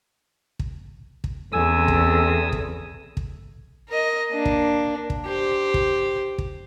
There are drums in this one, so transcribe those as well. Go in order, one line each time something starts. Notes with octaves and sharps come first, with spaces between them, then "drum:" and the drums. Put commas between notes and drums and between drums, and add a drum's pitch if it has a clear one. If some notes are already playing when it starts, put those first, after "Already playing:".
drum: kick
drum: kick
E2 C4 C#4 A4 G#5 D#6 E6
drum: kick
drum: kick
drum: kick
A#4 D#5
A#3 D4
drum: kick
drum: kick
G4 C5
drum: kick
drum: kick